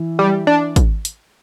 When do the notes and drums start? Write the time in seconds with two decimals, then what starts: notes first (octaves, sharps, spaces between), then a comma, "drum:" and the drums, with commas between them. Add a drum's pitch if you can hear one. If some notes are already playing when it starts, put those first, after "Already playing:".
Already playing: E3
0.19 G3
0.47 D4
0.76 drum: kick, hi-hat
1.05 drum: hi-hat